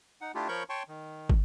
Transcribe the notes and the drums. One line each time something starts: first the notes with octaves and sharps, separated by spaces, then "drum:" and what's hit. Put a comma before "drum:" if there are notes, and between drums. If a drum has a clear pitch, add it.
D#4 F#5
A3 D4 E4 F4 G4
F3 A#4 C#5 B5 C#6 G6
C#5 G5 A5 C6 C#6
D#3
drum: kick